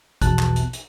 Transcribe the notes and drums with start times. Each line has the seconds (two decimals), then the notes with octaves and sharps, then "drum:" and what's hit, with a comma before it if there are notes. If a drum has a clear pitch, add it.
0.22 A#1 E2 B2 A5 F#6, drum: kick, hi-hat
0.39 drum: clap
0.56 drum: hi-hat
0.73 drum: hi-hat